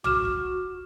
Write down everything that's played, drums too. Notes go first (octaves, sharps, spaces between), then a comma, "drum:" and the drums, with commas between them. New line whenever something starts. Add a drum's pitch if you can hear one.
F#4 D6 F6 E7, drum: tom
drum: kick